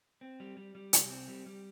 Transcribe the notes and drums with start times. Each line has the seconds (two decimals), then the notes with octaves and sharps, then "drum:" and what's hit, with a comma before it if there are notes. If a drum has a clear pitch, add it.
0.21 C4
0.40 G3
0.57 G3
0.75 G3
0.93 C2, drum: hi-hat
1.10 C4
1.28 G3
1.46 G3